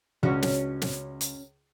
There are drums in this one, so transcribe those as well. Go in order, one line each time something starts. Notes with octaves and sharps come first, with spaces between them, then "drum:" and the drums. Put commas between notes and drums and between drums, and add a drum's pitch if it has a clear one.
C#2 C#4 D4 F#4
drum: snare
drum: snare
drum: hi-hat